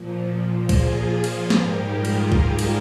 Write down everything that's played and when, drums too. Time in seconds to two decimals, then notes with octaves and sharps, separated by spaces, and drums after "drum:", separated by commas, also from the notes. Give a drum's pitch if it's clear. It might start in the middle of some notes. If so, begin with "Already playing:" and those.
Already playing: A#2 F3
0.69 F4 G#4, drum: kick C2, cymbal
1.24 drum: cymbal
1.50 G#2 G3 G4 A#4, drum: snare
1.91 F4 G#4
2.05 drum: cymbal
2.32 drum: kick C2
2.59 drum: cymbal